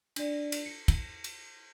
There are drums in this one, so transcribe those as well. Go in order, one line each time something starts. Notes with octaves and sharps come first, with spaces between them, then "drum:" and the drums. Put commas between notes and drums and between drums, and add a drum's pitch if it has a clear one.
D4 D5, drum: cymbal
drum: cymbal
C#7
drum: kick, cymbal
drum: cymbal